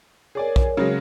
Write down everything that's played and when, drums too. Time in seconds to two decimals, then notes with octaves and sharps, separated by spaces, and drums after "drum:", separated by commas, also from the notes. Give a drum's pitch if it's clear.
0.35 G#4 A#4 C#5 D5 G#5
0.56 drum: kick
0.77 C#3 F#3 G#3